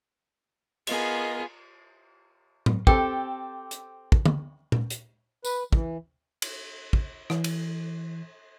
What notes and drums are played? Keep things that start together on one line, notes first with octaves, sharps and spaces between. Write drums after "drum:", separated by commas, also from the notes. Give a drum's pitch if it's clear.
B3 F4 G#4 A#4 D#5, drum: cymbal
drum: tom A2
C4 G4 A4 G5, drum: kick
drum: hi-hat
drum: kick
drum: tom
drum: tom A#2
drum: hi-hat
B4, drum: tambourine
E3, drum: kick
drum: cymbal
drum: kick
E3, drum: rim click
drum: cymbal